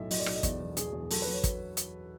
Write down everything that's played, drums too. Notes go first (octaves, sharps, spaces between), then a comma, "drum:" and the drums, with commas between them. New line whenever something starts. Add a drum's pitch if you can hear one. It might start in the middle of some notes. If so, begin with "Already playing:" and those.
Already playing: B1 A2 E5
F#3 D#5, drum: open hi-hat
D5
B1, drum: rim click
D#5
E2 D5, drum: kick, hi-hat
E1
E1 G#4, drum: hi-hat
E2
F#3 A4, drum: open hi-hat
F#3 B4
C#5
drum: kick, hi-hat
drum: hi-hat